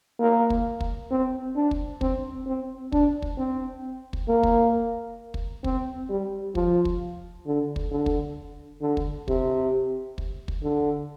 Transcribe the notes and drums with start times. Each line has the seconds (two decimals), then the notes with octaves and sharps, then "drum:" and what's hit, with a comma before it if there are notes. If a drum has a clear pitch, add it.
0.20 A#3
0.50 drum: kick
0.81 drum: kick
1.11 C4
1.56 D4
1.71 drum: kick
2.01 C4, drum: kick
2.47 C4
2.92 D4, drum: kick
3.22 drum: kick
3.38 C4
4.13 drum: kick
4.28 A#3
4.43 drum: kick
5.34 drum: kick
5.64 C4, drum: kick
6.09 G3
6.55 F3, drum: kick
6.85 drum: kick
7.46 D3
7.76 drum: kick
7.91 D3
8.06 drum: kick
8.82 D3
8.97 drum: kick
9.28 C3, drum: kick
10.18 drum: kick
10.48 drum: kick
10.63 D3